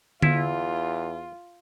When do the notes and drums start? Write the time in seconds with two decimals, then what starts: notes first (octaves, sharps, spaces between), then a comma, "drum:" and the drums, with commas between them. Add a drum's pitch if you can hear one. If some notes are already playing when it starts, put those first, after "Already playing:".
0.22 E2 E4 F4, drum: tom D3